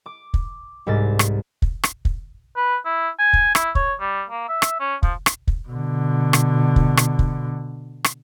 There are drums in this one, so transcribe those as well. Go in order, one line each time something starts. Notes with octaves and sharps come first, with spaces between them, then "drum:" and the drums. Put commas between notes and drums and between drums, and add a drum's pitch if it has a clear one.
D6
drum: kick
C2 G#2 A6
drum: rim click
drum: kick
drum: rim click
drum: kick
B4
E4
G#5
drum: kick
E4, drum: rim click
C#5, drum: kick
G3
A#3
E5
drum: rim click
C#4
F3, drum: kick
drum: rim click
drum: kick
B2 D3
drum: rim click
drum: kick
drum: rim click
drum: kick
drum: rim click